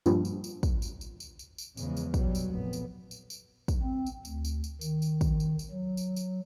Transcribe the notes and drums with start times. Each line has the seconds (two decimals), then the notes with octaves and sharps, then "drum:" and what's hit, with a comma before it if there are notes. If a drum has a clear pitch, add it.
0.06 G2 A#2 F3 G3, drum: tambourine
0.25 drum: tambourine
0.44 drum: tambourine
0.63 drum: kick, tambourine
0.82 drum: tambourine
1.01 drum: tambourine
1.20 drum: tambourine
1.39 drum: tambourine
1.58 drum: tambourine
1.77 E2 C#3 F3 G#3, drum: tambourine
1.97 drum: tambourine
2.14 B2 F#3 G3, drum: kick, tambourine
2.35 drum: tambourine
2.51 F1 A#2 B3
2.73 drum: tambourine
3.11 drum: tambourine
3.30 drum: tambourine
3.68 drum: kick, tambourine
3.83 C4
4.06 drum: tambourine
4.25 D2, drum: tambourine
4.45 drum: tambourine
4.64 drum: tambourine
4.81 D#3, drum: tambourine
5.02 drum: tambourine
5.21 drum: kick, tambourine
5.40 drum: tambourine
5.59 drum: tambourine
5.71 F#3
5.97 drum: tambourine
6.16 drum: tambourine